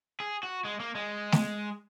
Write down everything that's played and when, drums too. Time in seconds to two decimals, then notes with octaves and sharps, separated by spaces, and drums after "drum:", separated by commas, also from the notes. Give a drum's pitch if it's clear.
0.20 G#4
0.43 F#4
0.65 G#3
0.80 A#3
0.95 G#3
1.32 drum: snare A3